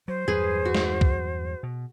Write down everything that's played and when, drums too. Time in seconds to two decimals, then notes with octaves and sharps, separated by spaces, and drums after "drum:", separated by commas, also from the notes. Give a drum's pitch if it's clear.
0.08 F#3 C5
0.28 E2 G2 F#3 G#4 B4
0.65 F#4
0.75 drum: snare
1.01 drum: kick C#2
1.63 B2